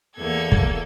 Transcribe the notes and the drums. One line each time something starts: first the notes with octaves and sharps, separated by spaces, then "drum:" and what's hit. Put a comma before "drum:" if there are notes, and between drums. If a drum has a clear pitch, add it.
E2 A#3 A4 G#6
drum: kick